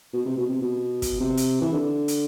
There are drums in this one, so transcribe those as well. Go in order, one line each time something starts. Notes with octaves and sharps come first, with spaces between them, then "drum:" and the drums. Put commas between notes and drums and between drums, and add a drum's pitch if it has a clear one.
B2
C3
B2
C3
B2
drum: kick, hi-hat
C3
drum: hi-hat
E3
D3
drum: hi-hat